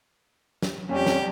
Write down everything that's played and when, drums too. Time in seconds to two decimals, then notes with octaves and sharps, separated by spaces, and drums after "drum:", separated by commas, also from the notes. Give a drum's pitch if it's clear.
0.62 drum: snare
0.89 F2 A#2 G3 C#4 G4
1.06 drum: snare